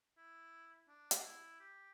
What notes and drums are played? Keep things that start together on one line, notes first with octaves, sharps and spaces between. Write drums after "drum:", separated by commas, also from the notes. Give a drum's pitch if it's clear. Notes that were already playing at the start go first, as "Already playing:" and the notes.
E4
D4
drum: hi-hat
E4
G4